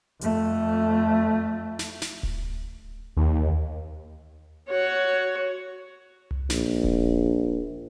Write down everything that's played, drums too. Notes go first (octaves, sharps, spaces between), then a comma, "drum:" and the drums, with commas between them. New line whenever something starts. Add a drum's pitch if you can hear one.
F2 A3, drum: hi-hat
drum: snare
drum: snare
drum: kick D1
D#2
F#4 C#5
drum: tom C2
A#1, drum: snare
drum: kick D1